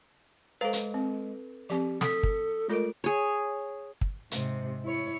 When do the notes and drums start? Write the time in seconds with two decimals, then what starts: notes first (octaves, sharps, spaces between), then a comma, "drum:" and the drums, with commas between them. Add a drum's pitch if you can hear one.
0.61 G#3 A4 B4 C5 F5 A#5
0.73 drum: hi-hat
0.94 C4
1.70 F3 C4 G4
2.01 A4 D#6 B6, drum: snare
2.23 drum: kick
2.70 G#3 A3 F4 A4 A#4 D7
3.04 G#4 C#5
4.01 drum: kick
4.31 G#2 C3, drum: hi-hat
4.84 E4 C#5